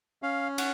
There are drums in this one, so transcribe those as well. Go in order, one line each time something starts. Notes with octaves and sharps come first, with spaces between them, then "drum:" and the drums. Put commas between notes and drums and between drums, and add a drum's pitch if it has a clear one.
C#4 F5
F#5, drum: cymbal